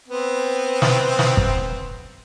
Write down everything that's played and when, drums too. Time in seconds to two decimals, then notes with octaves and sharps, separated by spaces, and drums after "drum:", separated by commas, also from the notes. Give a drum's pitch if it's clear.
0.08 B3 C4
0.82 drum: snare
1.19 drum: snare
1.37 drum: kick